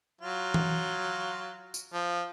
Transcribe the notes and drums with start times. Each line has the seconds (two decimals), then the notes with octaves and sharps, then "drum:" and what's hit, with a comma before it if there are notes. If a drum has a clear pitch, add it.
0.21 F#3 F4
0.54 drum: tom E3
1.74 drum: tambourine
1.94 F3